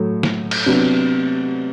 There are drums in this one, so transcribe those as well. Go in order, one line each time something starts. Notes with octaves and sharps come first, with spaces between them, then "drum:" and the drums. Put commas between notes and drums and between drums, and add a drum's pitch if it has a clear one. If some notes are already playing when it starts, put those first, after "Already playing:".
Already playing: A2 F#3 A3
drum: snare
drum: cymbal
C3 F#3 B3 D4